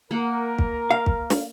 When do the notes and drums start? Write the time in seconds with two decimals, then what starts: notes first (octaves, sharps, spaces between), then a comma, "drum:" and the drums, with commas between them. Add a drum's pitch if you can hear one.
0.11 A#3 A#4 F#5
0.59 drum: kick
0.91 F5
1.06 drum: kick
1.30 drum: snare